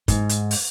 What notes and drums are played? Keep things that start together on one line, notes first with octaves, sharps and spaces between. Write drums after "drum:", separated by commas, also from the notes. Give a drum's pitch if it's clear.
G#2, drum: kick, hi-hat
drum: hi-hat
drum: open hi-hat